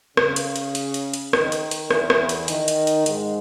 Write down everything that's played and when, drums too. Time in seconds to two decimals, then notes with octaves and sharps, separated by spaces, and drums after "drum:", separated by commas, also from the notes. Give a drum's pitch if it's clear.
0.17 C#3, drum: rim click
0.36 drum: hi-hat
0.56 drum: hi-hat
0.75 drum: hi-hat
0.94 drum: hi-hat
1.14 drum: hi-hat
1.33 D#3, drum: rim click
1.52 drum: hi-hat
1.71 drum: hi-hat
1.91 E2 E3, drum: rim click
2.10 drum: rim click
2.29 drum: hi-hat
2.48 D#3, drum: hi-hat
2.68 drum: hi-hat
2.87 drum: hi-hat
3.06 G#2 G#3, drum: hi-hat